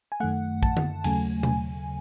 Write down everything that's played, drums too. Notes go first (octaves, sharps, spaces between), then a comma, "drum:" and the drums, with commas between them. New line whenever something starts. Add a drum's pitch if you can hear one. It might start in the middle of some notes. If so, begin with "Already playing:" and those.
G#5
F#2 D#3 A3 F#5
A5, drum: kick
drum: tom D3
D#2 C#3 F#3 A3 G#5, drum: cymbal
drum: tom B2